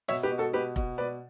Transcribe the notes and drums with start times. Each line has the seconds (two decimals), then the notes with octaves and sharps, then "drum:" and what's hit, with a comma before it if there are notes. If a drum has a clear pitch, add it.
0.08 B2 C#5 E5, drum: snare
0.23 G4 B4
0.31 B2
0.38 F#4 A4
0.53 B2 G4 B4
0.76 B2, drum: kick F1
0.98 B2 B4 D5